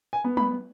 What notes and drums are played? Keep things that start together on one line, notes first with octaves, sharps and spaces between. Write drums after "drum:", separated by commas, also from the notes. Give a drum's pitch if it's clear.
G#5
B3
B5, drum: tom